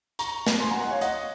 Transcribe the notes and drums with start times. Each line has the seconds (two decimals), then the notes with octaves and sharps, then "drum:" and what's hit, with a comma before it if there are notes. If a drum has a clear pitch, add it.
0.19 A#5 C#6, drum: hi-hat
0.47 drum: snare
0.60 C#3 F#3 G#5 C6
0.70 F#5 A#5
0.81 D#5 F#5
0.91 C#5 F5
1.01 D#5 F#5, drum: hi-hat